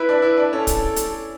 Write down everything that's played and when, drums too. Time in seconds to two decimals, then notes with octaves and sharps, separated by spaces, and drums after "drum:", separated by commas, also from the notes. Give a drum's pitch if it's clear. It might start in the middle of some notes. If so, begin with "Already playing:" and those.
Already playing: E4 B4
0.09 D4
0.22 E4
0.37 D4
0.52 C#4 A4
0.67 drum: kick, hi-hat
0.96 drum: hi-hat